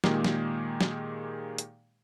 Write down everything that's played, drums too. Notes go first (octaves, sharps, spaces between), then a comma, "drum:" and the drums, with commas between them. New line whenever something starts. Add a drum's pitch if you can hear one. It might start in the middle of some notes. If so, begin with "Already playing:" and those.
A#2 D#3 G#3 A#3 G4 G#4, drum: snare
drum: snare
drum: snare
drum: hi-hat